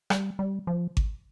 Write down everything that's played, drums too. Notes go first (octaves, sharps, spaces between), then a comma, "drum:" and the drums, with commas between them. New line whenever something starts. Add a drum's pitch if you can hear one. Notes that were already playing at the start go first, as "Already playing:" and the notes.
G3, drum: rim click
G3
F3
drum: kick G#1